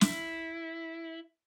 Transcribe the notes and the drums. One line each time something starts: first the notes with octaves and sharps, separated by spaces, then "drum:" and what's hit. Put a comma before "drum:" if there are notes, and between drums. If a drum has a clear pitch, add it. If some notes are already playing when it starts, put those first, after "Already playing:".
E4, drum: snare